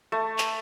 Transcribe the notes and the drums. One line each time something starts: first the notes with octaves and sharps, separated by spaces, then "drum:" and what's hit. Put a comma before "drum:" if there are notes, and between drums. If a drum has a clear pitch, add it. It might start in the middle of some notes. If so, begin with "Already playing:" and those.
A3
drum: clap